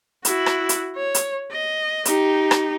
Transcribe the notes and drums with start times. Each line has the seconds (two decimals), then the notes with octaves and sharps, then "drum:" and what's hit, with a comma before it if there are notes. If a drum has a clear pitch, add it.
0.25 E4 F#4, drum: hi-hat
0.46 drum: rim click
0.69 drum: hi-hat
0.97 C#5
1.15 drum: hi-hat
1.52 D#5
2.05 D#4 G4, drum: hi-hat
2.51 drum: rim click